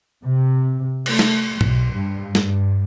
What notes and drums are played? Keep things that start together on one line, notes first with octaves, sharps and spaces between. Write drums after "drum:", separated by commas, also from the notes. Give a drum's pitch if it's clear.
C3
A3, drum: cymbal
drum: snare
B1, drum: tom
G2
G2, drum: snare